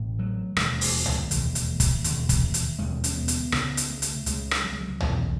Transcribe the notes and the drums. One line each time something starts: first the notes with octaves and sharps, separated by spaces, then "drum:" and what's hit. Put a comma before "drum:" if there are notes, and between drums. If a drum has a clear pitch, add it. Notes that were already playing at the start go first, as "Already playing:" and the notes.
Already playing: A1 A2
F#3
E1 D#2 C#3 G#3, drum: rim click
drum: open hi-hat
drum: tom
E1 D#2 C#3, drum: hi-hat
drum: hi-hat
drum: kick, hi-hat
E1 D#2 C#3, drum: hi-hat
drum: kick, hi-hat
drum: hi-hat
E1 D#2 C#3 G#3
C#4, drum: hi-hat
B3
drum: hi-hat
C#2 C#3 B3, drum: rim click
drum: hi-hat
A3
drum: hi-hat
C#2 C#3 G#3, drum: hi-hat
drum: rim click
F#3
G#3
F#3
E1 E2 C#3 E3, drum: tom